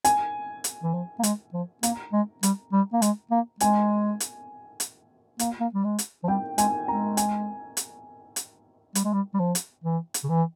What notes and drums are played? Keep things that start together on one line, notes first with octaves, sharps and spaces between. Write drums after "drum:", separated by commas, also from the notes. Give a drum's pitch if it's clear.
G#5, drum: hi-hat
drum: hi-hat
E3
F3
A#3
G#3, drum: hi-hat
F3
A#3 A#5, drum: hi-hat
G#3
G3, drum: hi-hat
G3
A#3
G#3, drum: hi-hat
A#3
G#3 G#5, drum: hi-hat
drum: hi-hat
drum: hi-hat
A#3, drum: hi-hat
A#3
G3
G#3
drum: hi-hat
F3
G3 G5
G#3 G#5, drum: hi-hat
G#3 A#5
G#5, drum: hi-hat
drum: hi-hat
drum: hi-hat
G3, drum: hi-hat
G#3
G3
G3
F3
drum: hi-hat
E3
drum: hi-hat
C#3
E3